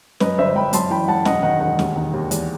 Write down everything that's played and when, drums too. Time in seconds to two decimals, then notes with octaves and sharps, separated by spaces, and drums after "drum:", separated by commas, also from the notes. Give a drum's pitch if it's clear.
0.20 F#2 B4 D#5, drum: snare
0.38 G1 C5 E5
0.55 F#2 G5 B5
0.73 F#2 A5 C6, drum: hi-hat
0.90 E3 G5 B5
1.08 F#2 F#5 A5
1.25 E1 D#5 F#5, drum: snare
1.43 D#3 D#5 F#5
1.60 E1 D#5 F#5
1.79 D#2, drum: snare
1.96 D#3
2.13 D#2
2.31 E2, drum: hi-hat